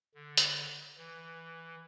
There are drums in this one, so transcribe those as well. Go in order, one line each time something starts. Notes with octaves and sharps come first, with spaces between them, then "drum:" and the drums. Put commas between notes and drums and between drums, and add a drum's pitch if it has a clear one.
D3
drum: hi-hat
E3